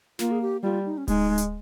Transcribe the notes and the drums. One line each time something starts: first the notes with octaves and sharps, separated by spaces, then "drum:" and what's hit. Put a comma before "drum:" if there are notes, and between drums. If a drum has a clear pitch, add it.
A#3 F4, drum: snare
G#4
G4
G3 F4
D#4
C#4
G#3 D#4, drum: kick D1, open hi-hat
drum: hi-hat